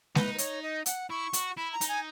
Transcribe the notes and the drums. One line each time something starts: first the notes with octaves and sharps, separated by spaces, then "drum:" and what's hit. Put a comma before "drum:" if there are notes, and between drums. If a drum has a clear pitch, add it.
D#4 B4, drum: snare G#3
B4
C#5, drum: hi-hat
D#5
F#5, drum: hi-hat
E4 C#6
F#4, drum: hi-hat
E4 B5
A#5
D#4, drum: hi-hat
G#5